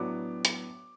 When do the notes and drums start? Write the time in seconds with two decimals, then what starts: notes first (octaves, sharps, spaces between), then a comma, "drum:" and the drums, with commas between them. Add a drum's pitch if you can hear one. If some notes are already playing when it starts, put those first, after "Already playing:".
Already playing: A2 F#3 B3 D4 D6
0.45 drum: hi-hat